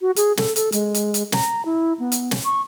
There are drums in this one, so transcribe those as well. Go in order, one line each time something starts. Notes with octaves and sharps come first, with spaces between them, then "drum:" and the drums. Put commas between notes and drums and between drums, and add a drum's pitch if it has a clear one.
F#4
G#4, drum: hi-hat
A4, drum: snare
A4, drum: hi-hat
G#3, drum: hi-hat
drum: hi-hat
drum: hi-hat
A#5, drum: snare
E4
B3
drum: hi-hat
drum: snare
C#6